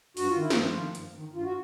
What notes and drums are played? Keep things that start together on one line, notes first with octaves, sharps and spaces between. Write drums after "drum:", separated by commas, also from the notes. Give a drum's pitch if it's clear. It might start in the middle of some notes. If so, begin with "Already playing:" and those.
G2 F#4, drum: open hi-hat
F4
D#3 E4
F3 F4, drum: snare
G2
D#3
G2, drum: hi-hat
D#3
G2 F4
F#4